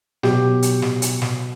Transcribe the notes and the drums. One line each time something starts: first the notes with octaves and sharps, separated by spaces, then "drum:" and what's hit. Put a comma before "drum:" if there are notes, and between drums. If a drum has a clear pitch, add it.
B2 F#3 G4, drum: snare
drum: hi-hat
drum: snare
drum: hi-hat
drum: snare